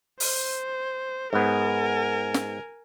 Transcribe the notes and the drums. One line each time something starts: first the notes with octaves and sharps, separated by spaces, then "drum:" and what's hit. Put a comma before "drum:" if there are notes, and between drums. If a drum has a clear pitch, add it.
C5, drum: open hi-hat
G#2 B3 A#4 G#5
drum: snare